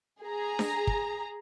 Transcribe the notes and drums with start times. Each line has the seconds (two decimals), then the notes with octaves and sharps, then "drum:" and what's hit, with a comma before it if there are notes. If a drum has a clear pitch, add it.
0.23 G#4 A#5
0.59 drum: snare D4
0.87 drum: kick